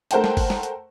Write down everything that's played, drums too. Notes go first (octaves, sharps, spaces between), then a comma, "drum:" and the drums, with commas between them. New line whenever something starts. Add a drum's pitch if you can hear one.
A3 A#4 C5 F#5 G5 A5, drum: hi-hat
drum: snare
drum: kick, open hi-hat
drum: snare
drum: hi-hat